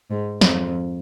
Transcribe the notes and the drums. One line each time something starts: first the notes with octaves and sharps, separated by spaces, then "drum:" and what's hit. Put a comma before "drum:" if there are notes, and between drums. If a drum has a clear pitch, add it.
G#2
F2, drum: snare